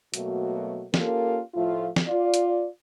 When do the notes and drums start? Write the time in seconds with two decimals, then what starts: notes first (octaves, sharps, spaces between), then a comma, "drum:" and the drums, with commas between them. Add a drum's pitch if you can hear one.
0.14 B2 F#3 A3 A#3 F#4, drum: hi-hat
0.94 A#3 C#4 F4 G4 A4 A#4, drum: snare
1.54 A2 F3 A3 F4
1.96 drum: snare
2.07 F4 D5
2.34 drum: hi-hat